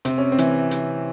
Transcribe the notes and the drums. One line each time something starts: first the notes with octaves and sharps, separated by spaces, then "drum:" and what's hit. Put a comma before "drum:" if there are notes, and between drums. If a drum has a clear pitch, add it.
C3 C4, drum: hi-hat
C#4
C4
E3, drum: hi-hat
drum: hi-hat